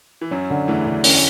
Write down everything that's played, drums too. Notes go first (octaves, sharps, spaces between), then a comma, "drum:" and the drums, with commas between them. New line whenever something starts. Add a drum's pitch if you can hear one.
E3
F#2 F#3 C#4
D3
E2 E3 A3
D3
C#4, drum: open hi-hat